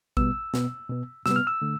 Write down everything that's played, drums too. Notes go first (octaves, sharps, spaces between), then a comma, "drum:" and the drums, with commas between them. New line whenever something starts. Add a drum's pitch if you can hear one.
B2 G3 B3 E6, drum: kick A1
B2 B3, drum: snare
B2 B3
C3 G3 B3 E6, drum: snare
F6
E6
D3 A3